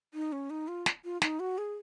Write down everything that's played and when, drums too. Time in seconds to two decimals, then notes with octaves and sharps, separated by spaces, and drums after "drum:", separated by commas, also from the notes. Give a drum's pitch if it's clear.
0.14 D#4
0.32 C#4
0.50 D#4
0.68 F4
0.86 drum: snare
1.05 F4
1.22 D#4, drum: snare
1.40 F#4
1.58 G#4